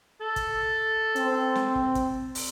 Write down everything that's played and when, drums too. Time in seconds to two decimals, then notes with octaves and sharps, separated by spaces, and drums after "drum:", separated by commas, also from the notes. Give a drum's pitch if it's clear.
0.21 A4
0.36 drum: kick, hi-hat
1.16 C4, drum: hi-hat
1.55 drum: snare
1.75 drum: kick
1.95 drum: kick, hi-hat
2.35 drum: open hi-hat